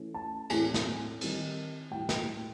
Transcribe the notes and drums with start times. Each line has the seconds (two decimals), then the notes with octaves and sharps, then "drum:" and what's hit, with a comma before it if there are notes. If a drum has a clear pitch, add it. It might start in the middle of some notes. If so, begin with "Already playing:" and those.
Already playing: E3 A3 C#4
0.14 A5
0.50 A2 E3 A3 C4 G#5, drum: cymbal
0.74 drum: snare
1.21 D#3 G3 C4, drum: cymbal
1.91 A2 E3 G3 G5
2.09 drum: snare